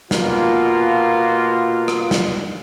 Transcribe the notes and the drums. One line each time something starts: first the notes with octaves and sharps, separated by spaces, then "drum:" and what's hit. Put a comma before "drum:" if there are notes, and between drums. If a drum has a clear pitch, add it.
B2 A#3 F4, drum: snare
drum: rim click
drum: snare